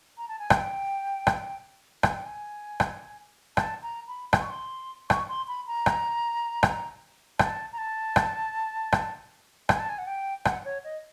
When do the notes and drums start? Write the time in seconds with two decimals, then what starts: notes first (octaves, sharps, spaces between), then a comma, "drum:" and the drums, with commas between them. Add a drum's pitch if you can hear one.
0.18 A#5
0.28 A5
0.39 G#5
0.50 G5, drum: rim click
1.27 drum: rim click
2.03 G#5, drum: rim click
2.14 G5
2.24 G#5
2.80 drum: rim click
3.57 A5, drum: rim click
3.82 A#5
4.08 B5
4.33 C6, drum: rim click
4.41 C#6
4.50 C6
5.10 C#6, drum: rim click
5.29 C6
5.48 B5
5.67 A#5
5.86 drum: rim click
6.63 drum: rim click
7.39 A5, drum: rim click
7.73 A#5
7.78 A5
8.16 drum: rim click
8.92 drum: rim click
9.69 G#5, drum: rim click
9.79 A5
9.89 G#5
9.98 F#5
10.07 G5
10.45 F#5, drum: rim click
10.65 C#5
10.84 D#5